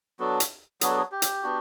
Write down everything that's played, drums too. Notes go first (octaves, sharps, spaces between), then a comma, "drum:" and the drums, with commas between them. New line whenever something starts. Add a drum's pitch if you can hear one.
F#3 B3 D4 F#4 A4
drum: hi-hat
F#3 B3 D4 F#4 G#4, drum: hi-hat
A4
G#4
G4
drum: hi-hat
B3 D4 F#4